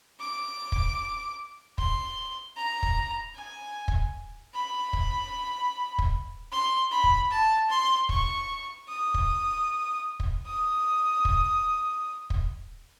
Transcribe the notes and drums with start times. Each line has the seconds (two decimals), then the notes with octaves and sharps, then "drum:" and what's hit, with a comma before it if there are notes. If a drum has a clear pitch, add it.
0.20 D6
0.72 drum: kick
1.78 C6, drum: kick
2.57 A#5
2.83 drum: kick
3.35 G#5
3.88 drum: kick
4.54 B5
4.93 drum: kick
5.99 drum: kick
6.52 C6
6.91 B5
7.04 drum: kick
7.31 A5
7.70 C6
8.09 C#6, drum: kick
8.89 D#6
9.14 drum: kick
10.20 drum: kick
10.47 D#6
11.25 drum: kick
12.30 drum: kick